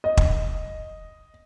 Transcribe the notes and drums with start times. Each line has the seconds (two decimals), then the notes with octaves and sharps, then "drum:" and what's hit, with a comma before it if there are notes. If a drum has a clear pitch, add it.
0.04 D#5
0.17 drum: kick